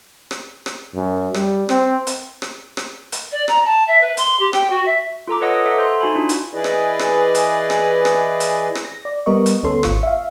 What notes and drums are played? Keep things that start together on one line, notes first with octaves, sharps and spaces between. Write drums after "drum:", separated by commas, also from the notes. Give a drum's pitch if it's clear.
drum: rim click
drum: rim click
F#2
G3, drum: rim click
C4, drum: rim click
drum: hi-hat
drum: rim click
drum: rim click
drum: hi-hat
D5
A#5, drum: rim click
A5
E5
B4
C6, drum: hi-hat
G4
G5, drum: rim click
F#4
E5
F4 A4 A#5 D6
B4 C#5 D#5 F#5 D#6 A#6
A4 E5 F#5
C5 C6
D#4 F#4 G#5 B5
D4 F4
drum: hi-hat
E3 E4 G#4 B4 D5 D#5
drum: rim click
drum: rim click
drum: hi-hat
drum: rim click
drum: rim click
drum: hi-hat
drum: rim click
A#6
D5
G3 B3 A#4 D#5 C#6
drum: hi-hat
D2 B3 C#4 A4 C6
G#1 F4 C#6, drum: rim click
E5 F5